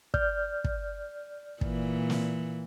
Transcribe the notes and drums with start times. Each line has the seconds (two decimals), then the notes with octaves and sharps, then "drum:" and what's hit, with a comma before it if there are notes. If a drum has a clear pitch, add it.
0.14 D5 F6 G6, drum: kick
0.64 drum: kick
1.61 A#2 E3, drum: kick
2.10 drum: snare